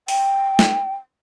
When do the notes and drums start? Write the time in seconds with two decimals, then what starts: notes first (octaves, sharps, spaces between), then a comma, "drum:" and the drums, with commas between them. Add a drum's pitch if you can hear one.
0.08 G5, drum: open hi-hat
0.59 drum: snare